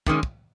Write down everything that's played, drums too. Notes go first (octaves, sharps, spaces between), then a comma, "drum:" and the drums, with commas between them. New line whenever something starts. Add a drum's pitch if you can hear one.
C3 D#3 G#3 C#4, drum: kick
drum: kick